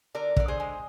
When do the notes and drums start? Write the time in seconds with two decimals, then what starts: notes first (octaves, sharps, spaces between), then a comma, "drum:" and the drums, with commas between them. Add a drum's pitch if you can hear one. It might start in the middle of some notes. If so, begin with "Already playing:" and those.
0.15 D3 A#4 D5
0.37 D3 D5, drum: kick
0.48 G#4 C5
0.60 G#3